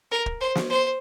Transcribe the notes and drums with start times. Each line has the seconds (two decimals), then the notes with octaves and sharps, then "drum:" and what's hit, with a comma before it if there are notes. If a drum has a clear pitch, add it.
0.11 A#4
0.26 drum: kick
0.41 C5
0.55 drum: snare
0.70 C5